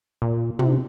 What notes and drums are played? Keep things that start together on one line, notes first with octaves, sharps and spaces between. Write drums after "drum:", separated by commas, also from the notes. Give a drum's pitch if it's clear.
A#2
C3, drum: tom